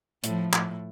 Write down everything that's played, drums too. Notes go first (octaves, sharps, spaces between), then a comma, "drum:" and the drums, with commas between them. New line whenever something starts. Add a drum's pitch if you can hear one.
A2 F3, drum: hi-hat
A2, drum: clap